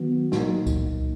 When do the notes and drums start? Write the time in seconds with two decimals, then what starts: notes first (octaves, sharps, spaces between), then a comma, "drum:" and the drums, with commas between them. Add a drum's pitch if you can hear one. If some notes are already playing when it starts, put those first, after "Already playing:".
Already playing: D#3 F#3 B3 F#4
0.32 A#2 F#3 A#3 D#4, drum: snare
0.67 drum: kick C2, tambourine